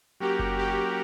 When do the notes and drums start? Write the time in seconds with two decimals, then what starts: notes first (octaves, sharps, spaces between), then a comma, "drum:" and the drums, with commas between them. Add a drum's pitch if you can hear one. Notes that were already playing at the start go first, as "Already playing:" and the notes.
0.20 F#3 A#3 C#4 F#4 G4 A#4
0.39 drum: kick F#1
0.58 G4